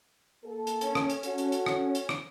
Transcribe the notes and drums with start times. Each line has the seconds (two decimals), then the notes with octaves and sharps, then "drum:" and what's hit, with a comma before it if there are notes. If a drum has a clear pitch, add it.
0.44 A#3 A4
0.67 drum: hi-hat
0.81 C#4, drum: hi-hat
0.95 drum: rim click
1.10 drum: hi-hat
1.23 F#4 A4, drum: hi-hat
1.38 drum: hi-hat
1.52 drum: hi-hat
1.66 drum: rim click
1.95 drum: hi-hat
2.09 drum: rim click